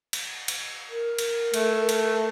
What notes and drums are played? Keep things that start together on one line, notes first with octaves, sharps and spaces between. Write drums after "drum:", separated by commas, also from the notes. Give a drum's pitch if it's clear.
drum: cymbal
drum: cymbal
A#4
drum: cymbal
A3, drum: cymbal
drum: cymbal